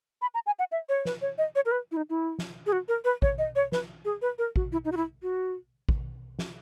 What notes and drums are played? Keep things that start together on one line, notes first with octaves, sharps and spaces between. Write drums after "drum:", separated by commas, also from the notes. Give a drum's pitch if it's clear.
B5
A#5
G#5
F#5
E5
C#5
B4, drum: snare
C#5
D#5
C#5
A#4
B4
E4
D#4
E4
drum: snare
G#4
F#4
A#4
B4
C#5, drum: kick
D#5
C#5
B4, drum: snare
G#4
B4
A#4
F#4, drum: kick
E4
D#4
F#4
E4
F#4
drum: kick
drum: snare